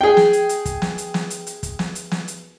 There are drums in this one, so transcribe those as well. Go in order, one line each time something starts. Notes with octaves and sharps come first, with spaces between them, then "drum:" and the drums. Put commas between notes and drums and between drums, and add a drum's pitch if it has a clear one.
G#4 G5
drum: snare
drum: hi-hat
drum: hi-hat
drum: kick, hi-hat
drum: snare
drum: hi-hat
drum: snare
drum: hi-hat
drum: hi-hat
drum: kick, hi-hat
drum: snare
drum: hi-hat
drum: snare
drum: hi-hat